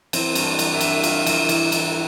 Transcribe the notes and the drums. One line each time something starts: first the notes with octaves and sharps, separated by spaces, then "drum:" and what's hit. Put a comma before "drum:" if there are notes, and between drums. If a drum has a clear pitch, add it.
E3 C4, drum: cymbal
G2, drum: cymbal
D4
E3, drum: cymbal
E4
G2, drum: cymbal
G2 F4, drum: cymbal
E3, drum: cymbal
E3, drum: cymbal
E3, drum: cymbal